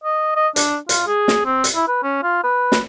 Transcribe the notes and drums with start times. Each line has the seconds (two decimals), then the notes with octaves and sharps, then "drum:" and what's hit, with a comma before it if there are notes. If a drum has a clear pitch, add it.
0.04 D#5
0.36 D#5
0.56 D4, drum: hi-hat
0.89 F4, drum: hi-hat
1.07 G#4
1.28 drum: snare
1.45 C4
1.64 drum: hi-hat
1.75 E4
1.88 B4
2.03 C#4
2.23 F4
2.43 B4
2.72 drum: snare